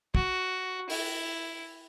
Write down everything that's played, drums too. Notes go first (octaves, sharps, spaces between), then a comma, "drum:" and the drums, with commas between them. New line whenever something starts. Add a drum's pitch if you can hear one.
F#4, drum: kick
E4, drum: open hi-hat